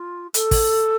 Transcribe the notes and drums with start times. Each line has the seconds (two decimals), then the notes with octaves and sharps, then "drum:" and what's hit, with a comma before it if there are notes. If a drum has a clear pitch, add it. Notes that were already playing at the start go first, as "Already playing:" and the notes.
Already playing: F4
0.34 A4, drum: hi-hat
0.51 drum: kick, open hi-hat